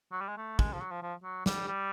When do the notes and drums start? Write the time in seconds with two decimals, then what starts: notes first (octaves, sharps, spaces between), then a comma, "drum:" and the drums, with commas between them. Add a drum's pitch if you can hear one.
0.12 F#3
0.21 G3
0.28 G#3
0.37 A3
0.59 G#3, drum: kick
0.73 F3
0.80 F#3
0.91 F3
1.02 F3
1.23 F#3
1.46 G3, drum: snare
1.68 G3